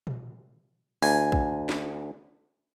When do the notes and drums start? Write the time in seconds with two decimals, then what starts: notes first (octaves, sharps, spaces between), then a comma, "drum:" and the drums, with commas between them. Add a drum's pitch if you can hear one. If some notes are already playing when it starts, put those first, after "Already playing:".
0.07 drum: tom A#2
1.02 D2 G#5, drum: open hi-hat
1.32 drum: kick A#1
1.69 drum: snare